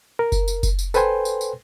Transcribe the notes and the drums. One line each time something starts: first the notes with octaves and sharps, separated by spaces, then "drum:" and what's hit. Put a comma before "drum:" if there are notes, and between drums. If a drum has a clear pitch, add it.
A#4
drum: kick F#1, tambourine
drum: tambourine
drum: kick F#1, tambourine
drum: tambourine
A4 B4 C5 G5 G#5 C6, drum: tambourine
drum: tambourine
drum: tambourine